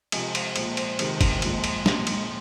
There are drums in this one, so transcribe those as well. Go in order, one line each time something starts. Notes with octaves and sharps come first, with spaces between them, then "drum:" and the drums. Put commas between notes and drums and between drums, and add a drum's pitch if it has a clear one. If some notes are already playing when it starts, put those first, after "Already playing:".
C3 F3 G#3 D#5 G#5, drum: cymbal
C5 F5, drum: cymbal
A#2 F3 G#3 C5, drum: cymbal
C5, drum: cymbal
C3 D#3 G#3 C5, drum: cymbal
drum: kick, cymbal
A#2 F3 G#3, drum: cymbal
drum: cymbal
A#2 G#3, drum: snare
drum: cymbal